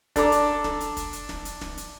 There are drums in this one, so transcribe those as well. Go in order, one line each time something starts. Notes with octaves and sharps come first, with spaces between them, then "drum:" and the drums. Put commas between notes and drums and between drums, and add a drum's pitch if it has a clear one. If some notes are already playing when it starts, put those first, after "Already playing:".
D4 A4 A#5 D6, drum: kick, hi-hat
drum: hi-hat
drum: snare
drum: hi-hat
drum: kick, hi-hat
drum: hi-hat
drum: snare
drum: hi-hat
drum: snare
drum: hi-hat